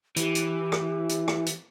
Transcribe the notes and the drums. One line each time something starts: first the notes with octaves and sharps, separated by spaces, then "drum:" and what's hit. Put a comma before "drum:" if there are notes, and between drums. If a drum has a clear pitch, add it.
E3 G4, drum: hi-hat
drum: hi-hat
drum: rim click
drum: hi-hat
drum: rim click
drum: hi-hat